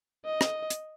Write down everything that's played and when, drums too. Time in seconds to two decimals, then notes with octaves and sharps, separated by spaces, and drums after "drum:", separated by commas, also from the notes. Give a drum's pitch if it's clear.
0.25 D#5
0.41 drum: rim click
0.70 drum: hi-hat